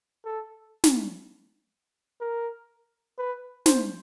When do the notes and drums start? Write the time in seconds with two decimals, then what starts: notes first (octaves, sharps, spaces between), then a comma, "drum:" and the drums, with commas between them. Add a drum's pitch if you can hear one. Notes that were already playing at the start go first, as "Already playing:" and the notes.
0.25 A4
0.84 drum: snare
2.20 A#4
3.18 B4
3.66 C5, drum: snare